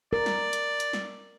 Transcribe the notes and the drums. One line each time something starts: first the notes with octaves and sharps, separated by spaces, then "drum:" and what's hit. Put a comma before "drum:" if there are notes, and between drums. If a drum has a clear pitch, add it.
A#4 D5
drum: snare
drum: hi-hat
drum: hi-hat
drum: snare